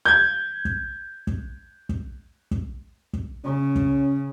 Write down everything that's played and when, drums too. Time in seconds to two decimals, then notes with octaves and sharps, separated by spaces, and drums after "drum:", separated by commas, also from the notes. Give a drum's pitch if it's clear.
0.05 G6 G#6
0.65 drum: kick
1.27 drum: kick
1.89 drum: kick
2.51 drum: kick
3.13 drum: kick
3.44 C#3 C#4
3.76 drum: kick